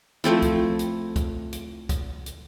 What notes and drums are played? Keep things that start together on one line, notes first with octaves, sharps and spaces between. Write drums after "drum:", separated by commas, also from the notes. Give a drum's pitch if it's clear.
F3 A3 C4 E4
drum: kick, hi-hat
drum: hi-hat
drum: kick, hi-hat
drum: hi-hat
drum: kick, hi-hat
drum: hi-hat